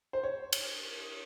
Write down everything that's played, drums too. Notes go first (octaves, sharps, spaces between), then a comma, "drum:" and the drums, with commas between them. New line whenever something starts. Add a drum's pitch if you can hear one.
C5
C#5
drum: cymbal